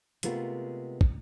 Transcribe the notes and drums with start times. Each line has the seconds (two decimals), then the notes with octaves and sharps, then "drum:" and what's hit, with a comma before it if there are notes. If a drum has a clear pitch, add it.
0.23 C3 G#3 A3 B3 F4 A#4, drum: hi-hat
1.01 drum: kick